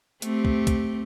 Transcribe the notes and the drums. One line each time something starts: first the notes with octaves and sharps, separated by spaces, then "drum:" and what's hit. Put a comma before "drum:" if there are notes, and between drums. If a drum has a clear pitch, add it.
A3 C4 G4, drum: hi-hat
drum: kick
drum: kick, hi-hat